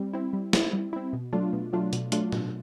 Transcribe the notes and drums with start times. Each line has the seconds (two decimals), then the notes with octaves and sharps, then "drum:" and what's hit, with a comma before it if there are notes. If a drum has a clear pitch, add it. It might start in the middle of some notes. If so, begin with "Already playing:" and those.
Already playing: G3 C4
0.13 C4 E4
0.33 G3
0.53 C4 E4, drum: snare
0.73 G3
0.93 C4 E4
1.13 B2
1.33 F#3 A3 D4 F4
1.53 B2
1.73 F#3 A3 D4 F4
1.93 B2, drum: hi-hat
2.12 F#3 A3 D4 F4, drum: hi-hat
2.32 B2, drum: tom